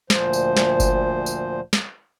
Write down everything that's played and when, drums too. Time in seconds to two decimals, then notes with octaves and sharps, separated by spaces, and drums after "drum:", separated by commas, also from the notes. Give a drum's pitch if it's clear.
0.10 D2 A#2 F3 C5, drum: snare
0.33 drum: tambourine
0.57 drum: snare
0.80 drum: kick G1, tambourine
1.26 drum: tambourine
1.73 drum: snare